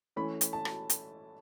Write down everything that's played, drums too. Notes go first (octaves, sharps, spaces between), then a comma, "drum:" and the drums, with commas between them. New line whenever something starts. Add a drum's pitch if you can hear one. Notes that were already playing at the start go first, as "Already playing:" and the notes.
E3 A3 C#4 B5
drum: hi-hat
A5
drum: rim click
drum: hi-hat